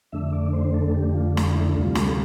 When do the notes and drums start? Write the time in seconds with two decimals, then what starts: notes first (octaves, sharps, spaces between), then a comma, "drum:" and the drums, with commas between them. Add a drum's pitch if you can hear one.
0.12 F2 D3 A3 D4 E5
0.33 D5
0.53 C5
0.74 A4
0.95 G4
1.09 G4
1.14 F4
1.37 drum: snare
1.55 E4
1.75 D2 C3 G3 F4
1.95 A4, drum: snare